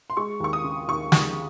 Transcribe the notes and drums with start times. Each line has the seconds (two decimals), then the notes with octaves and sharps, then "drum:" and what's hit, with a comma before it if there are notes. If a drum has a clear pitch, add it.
0.10 C6
0.17 G#3 C#6
0.40 D#2 C#6
0.53 D#6
0.64 C#3
0.88 D#2 C#6
1.12 D#2 D#6, drum: snare